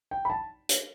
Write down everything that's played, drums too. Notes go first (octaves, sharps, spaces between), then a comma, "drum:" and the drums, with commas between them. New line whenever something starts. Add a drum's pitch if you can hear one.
G5
B5
A5
drum: hi-hat